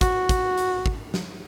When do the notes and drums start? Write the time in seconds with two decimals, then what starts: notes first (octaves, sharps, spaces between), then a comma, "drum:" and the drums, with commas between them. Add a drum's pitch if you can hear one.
0.01 F#4, drum: kick, hi-hat
0.29 drum: kick, hi-hat
0.58 drum: hi-hat
0.86 drum: kick
1.14 drum: snare